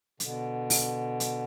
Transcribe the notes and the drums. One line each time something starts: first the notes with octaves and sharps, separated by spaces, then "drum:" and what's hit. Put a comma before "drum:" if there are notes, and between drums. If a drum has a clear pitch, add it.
B2 D3, drum: hi-hat
drum: open hi-hat
drum: hi-hat